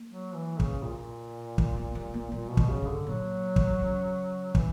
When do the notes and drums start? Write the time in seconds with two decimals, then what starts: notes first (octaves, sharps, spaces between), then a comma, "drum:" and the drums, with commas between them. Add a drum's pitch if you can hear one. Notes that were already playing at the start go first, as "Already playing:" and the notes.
Already playing: A#3
0.10 F#3
0.35 E3
0.60 C#3, drum: kick
0.84 A#2
1.58 G3, drum: kick
1.77 A#3
1.95 G3
2.14 A#3
2.32 A#2 G3
2.51 B2
2.57 F#3, drum: kick
2.70 C#3
2.82 G2
2.88 D3
3.07 A#2 F#3
3.56 drum: kick
3.81 C#3
4.55 E3, drum: kick